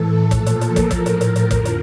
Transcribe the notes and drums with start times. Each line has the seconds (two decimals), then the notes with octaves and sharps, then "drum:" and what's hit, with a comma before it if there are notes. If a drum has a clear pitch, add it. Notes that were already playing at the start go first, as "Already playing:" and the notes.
Already playing: A2 E3 A4
0.31 A#2 F3 A4, drum: kick, hi-hat
0.46 drum: hi-hat
0.61 A#4, drum: hi-hat
0.76 drum: kick, hi-hat
0.91 A2 F3 A#4, drum: kick, hi-hat
1.06 drum: hi-hat
1.21 drum: hi-hat
1.36 drum: hi-hat
1.51 F2 D3 F3, drum: kick, hi-hat
1.65 drum: hi-hat